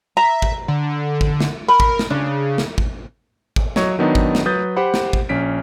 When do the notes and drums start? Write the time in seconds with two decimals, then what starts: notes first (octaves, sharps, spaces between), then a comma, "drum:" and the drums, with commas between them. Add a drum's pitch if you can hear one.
0.17 E5 A#5
0.42 drum: kick
0.68 D3
1.21 drum: kick
1.41 drum: snare
1.68 A#4 B5
1.80 drum: kick
1.99 drum: snare
2.10 C#3 D4
2.58 drum: snare
2.78 drum: kick
3.56 drum: kick
3.76 F#3 C#5 D#5, drum: snare
3.99 D#3 F#3 B3 D4 D#4
4.15 drum: kick
4.35 drum: snare
4.45 F#3 B4 D#6 G6 A6
4.76 G4 C5 F#5 B5
4.94 drum: snare
5.13 drum: kick
5.29 A#1 C#4 B6 D7